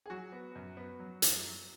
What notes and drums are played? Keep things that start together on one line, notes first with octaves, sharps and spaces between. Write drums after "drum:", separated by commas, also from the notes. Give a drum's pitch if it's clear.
G#4
F#3 F#4
B3
F#2
B3
F#3
F#2, drum: hi-hat
F#3